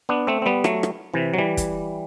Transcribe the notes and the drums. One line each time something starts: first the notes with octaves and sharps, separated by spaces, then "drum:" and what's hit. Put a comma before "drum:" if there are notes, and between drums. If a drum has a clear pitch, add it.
B3 D4
A3 C4
C4
G3 B3
F#3 A3, drum: rim click
drum: rim click
C3 E3
F#3
E3 G3
drum: kick, hi-hat